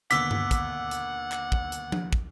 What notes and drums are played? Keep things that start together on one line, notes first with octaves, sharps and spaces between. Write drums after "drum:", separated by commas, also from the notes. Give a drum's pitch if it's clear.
D#2 B2 D3 F#5 D6 E6 B6, drum: hi-hat
drum: tom G2
drum: kick, hi-hat
drum: hi-hat
drum: clap
drum: kick
drum: hi-hat
drum: tom F3
drum: kick